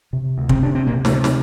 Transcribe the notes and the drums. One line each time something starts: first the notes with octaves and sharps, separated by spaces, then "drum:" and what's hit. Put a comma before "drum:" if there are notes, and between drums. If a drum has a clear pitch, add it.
C3
D2
C3 C4, drum: kick
C3 D4
C4
D2 A#2 A#3
A2 A3, drum: snare
C3
F#3, drum: snare